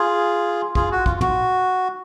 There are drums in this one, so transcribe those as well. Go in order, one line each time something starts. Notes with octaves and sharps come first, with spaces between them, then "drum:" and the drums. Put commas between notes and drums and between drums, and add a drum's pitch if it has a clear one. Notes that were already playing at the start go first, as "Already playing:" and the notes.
Already playing: F4 G#4
F4 G#4, drum: kick
F#4
F4, drum: kick
F#4, drum: tom